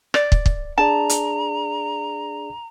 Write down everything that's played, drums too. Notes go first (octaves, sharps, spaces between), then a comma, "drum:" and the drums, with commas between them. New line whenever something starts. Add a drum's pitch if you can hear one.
D5, drum: rim click
drum: kick
drum: kick
D4 G#4 D5 A5 A#5
drum: hi-hat